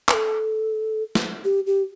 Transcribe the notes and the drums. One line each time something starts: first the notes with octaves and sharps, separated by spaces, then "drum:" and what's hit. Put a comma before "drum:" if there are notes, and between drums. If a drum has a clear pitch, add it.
B4, drum: clap
A4
drum: snare
G4
G4